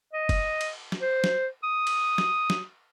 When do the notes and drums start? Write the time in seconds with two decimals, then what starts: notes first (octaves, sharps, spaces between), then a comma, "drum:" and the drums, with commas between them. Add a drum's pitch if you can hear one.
0.13 D#5
0.29 drum: kick, cymbal
0.61 drum: cymbal
0.92 drum: snare
1.02 C5
1.24 drum: snare
1.63 D#6
1.87 drum: cymbal
2.18 drum: snare
2.50 drum: snare